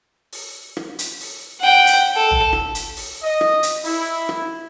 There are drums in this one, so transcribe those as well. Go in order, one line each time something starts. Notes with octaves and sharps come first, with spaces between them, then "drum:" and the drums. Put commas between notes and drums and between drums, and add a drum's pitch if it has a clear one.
drum: open hi-hat
drum: rim click
drum: hi-hat
drum: open hi-hat
F#5 G5
drum: hi-hat
A4
drum: tom
drum: rim click
drum: hi-hat
drum: open hi-hat
D#5
drum: rim click
drum: hi-hat
E4, drum: open hi-hat
drum: rim click